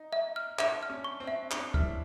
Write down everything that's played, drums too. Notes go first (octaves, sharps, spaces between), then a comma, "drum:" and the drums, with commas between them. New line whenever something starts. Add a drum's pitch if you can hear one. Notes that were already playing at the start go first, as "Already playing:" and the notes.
Already playing: D#4
E5
F6
D4 E5, drum: clap
F6
C#4
C#6
C4
E5
D4 C#6, drum: clap
E4 F6, drum: kick D2